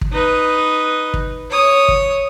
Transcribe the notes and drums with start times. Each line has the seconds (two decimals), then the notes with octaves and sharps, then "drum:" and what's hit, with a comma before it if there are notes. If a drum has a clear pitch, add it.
0.01 drum: kick
0.12 D#4 B4
1.14 drum: kick
1.51 C#5 D#6
1.88 drum: kick